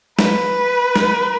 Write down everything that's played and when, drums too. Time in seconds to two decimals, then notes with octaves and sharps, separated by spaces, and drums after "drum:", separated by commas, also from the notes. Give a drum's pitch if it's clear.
0.19 B4, drum: snare
0.96 drum: snare